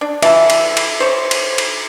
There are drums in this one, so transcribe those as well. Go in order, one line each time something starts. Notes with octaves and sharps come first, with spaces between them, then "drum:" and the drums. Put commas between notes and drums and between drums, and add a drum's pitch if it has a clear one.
D4
E3 F4 E5 A5, drum: cymbal
drum: cymbal
drum: cymbal
C5 C#5
drum: cymbal
drum: cymbal